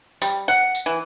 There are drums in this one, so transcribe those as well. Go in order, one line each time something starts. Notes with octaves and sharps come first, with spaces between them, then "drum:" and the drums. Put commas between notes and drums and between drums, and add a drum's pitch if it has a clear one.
G3, drum: tambourine
F#5
drum: tambourine
E3